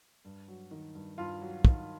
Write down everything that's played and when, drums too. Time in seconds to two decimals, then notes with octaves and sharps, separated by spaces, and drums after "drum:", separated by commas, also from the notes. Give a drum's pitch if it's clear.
0.25 G2
0.48 F#3
0.71 D#3
0.95 G2
1.18 G2 F4
1.41 F#3
1.65 D#3, drum: kick